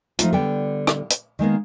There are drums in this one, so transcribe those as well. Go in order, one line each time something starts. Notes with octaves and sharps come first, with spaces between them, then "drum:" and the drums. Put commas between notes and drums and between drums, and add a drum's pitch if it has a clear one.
F3 A3 D#4 F4, drum: hi-hat
D3 G3 B3 G5
drum: rim click
drum: hi-hat
D#3 G#3 A#3 B3